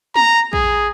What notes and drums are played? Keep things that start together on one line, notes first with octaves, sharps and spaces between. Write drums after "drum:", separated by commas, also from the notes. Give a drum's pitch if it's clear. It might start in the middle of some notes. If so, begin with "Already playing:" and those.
A#5, drum: snare
G#4, drum: kick A#1